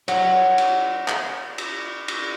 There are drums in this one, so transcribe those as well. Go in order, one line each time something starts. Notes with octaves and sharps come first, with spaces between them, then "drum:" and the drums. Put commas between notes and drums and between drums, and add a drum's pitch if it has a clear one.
C#5 F#5, drum: cymbal
drum: cymbal
drum: clap
drum: cymbal
drum: cymbal